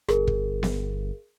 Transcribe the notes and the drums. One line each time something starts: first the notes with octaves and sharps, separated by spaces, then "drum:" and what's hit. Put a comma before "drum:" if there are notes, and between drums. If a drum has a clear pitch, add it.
G1 G#4 A#4, drum: rim click
drum: kick
drum: snare B3